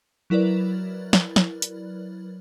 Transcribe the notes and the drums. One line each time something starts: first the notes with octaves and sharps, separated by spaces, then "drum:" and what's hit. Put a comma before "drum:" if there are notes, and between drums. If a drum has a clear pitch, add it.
F#3 E4 A#4 B4 D5
drum: snare
drum: snare
drum: hi-hat